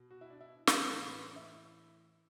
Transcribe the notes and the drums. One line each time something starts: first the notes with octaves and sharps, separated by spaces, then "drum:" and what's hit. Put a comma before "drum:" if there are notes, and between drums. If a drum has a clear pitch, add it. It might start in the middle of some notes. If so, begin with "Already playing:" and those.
Already playing: B2
F#4
E4
D4
E4
drum: snare
A2 E3 A4
B4
E4